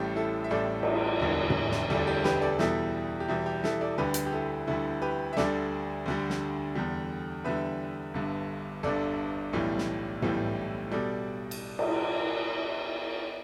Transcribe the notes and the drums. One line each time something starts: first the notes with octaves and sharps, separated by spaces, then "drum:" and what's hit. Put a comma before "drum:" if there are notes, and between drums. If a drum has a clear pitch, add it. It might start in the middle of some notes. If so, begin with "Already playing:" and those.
Already playing: A1 A2 G3 G4
E4 A4
E5
A1 A2 G3 A4 D5
drum: cymbal
E1 D2 D3 G3
drum: tom
drum: snare
E1 D2 D3 G3 A4 D5
G4
G4 B4, drum: snare
A4 D5
E2 B2 G3 E4 A4, drum: snare
G4
E2 B2 G3 E4
G4
E4 A4, drum: snare
A4 D5
D2 D3 G3 G4 B4
drum: hi-hat
G4
E4 A4
D2 D3 G3 E4 A4
G4 B4
E5
D2 D3 G3 A4 D5, drum: snare
D2 D3 G3
drum: snare
E2 D3 G3
E2 D3 G3 B4 E5
G1 G2 D3
G1 G2 D3 A4 D5
B1 A2 E3 G3
drum: snare
B1 A2 E3 G3, drum: tom
B2 G3 A4 D5
drum: cymbal
drum: cymbal